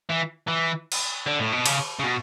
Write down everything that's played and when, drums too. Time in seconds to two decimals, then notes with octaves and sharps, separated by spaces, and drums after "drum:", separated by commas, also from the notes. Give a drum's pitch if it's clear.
0.09 E3
0.47 E3
0.92 drum: cymbal
1.27 D3
1.40 A2
1.52 B2
1.66 C#3, drum: cymbal
1.99 C#3
2.04 B2